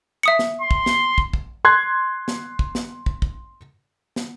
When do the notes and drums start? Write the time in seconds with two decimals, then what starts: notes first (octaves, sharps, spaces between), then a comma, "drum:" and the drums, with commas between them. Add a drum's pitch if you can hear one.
0.23 E5 D#6 C#7
0.39 drum: snare
0.61 C6
0.71 drum: kick
0.86 drum: snare
1.18 drum: kick
1.33 drum: kick
1.65 C6 F#6 G#6
2.28 drum: snare
2.59 drum: kick
2.75 drum: snare
3.06 drum: kick
3.22 drum: kick
4.16 drum: snare